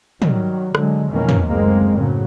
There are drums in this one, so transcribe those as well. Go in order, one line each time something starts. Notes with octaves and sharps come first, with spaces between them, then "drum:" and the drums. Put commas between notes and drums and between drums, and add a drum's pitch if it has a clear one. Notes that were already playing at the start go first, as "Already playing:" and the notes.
D#3 F#3 G3, drum: tom
D3 F#3 G#3, drum: rim click
F2 B2 D#3 E3 A#3 C#4
drum: tom
F#1 D2 G#3 A#3 C4
A2 C#3 F#3